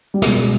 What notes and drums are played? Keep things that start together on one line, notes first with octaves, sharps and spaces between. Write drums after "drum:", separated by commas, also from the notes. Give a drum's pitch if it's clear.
G3
C#2 B2 G#3, drum: snare